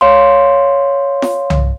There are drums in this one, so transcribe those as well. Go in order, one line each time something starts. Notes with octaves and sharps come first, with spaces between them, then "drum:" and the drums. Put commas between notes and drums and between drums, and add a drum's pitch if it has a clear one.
C#5 F5 C6
drum: snare
drum: tom C2